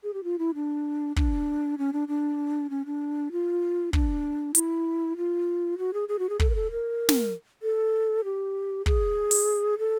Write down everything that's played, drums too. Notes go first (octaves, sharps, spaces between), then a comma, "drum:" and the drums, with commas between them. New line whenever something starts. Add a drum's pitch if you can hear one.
G#4
G4
F4
E4
D4
D4, drum: kick
C#4
D4
D4
C#4
D4
F4
D4, drum: kick
E4, drum: hi-hat
F4
F#4
G#4
G#4
F#4
G#4
A4, drum: kick
A#4
A4
A#4
drum: snare
A4
G4
G#4, drum: kick
drum: open hi-hat
A4